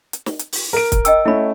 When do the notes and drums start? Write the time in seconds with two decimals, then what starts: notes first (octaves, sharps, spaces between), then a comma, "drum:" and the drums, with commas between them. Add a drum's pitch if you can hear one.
0.13 drum: hi-hat
0.26 drum: snare
0.39 drum: hi-hat
0.52 drum: open hi-hat
0.73 A#4 D7
0.92 drum: kick, hi-hat
1.05 D#5 G5 E6, drum: hi-hat
1.25 A3 C#4 E4 B5